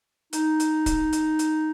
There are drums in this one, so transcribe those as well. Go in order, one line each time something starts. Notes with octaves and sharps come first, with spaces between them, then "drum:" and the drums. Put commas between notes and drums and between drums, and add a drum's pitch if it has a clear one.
D#4, drum: hi-hat
drum: hi-hat
drum: kick C#1, hi-hat
drum: hi-hat
drum: hi-hat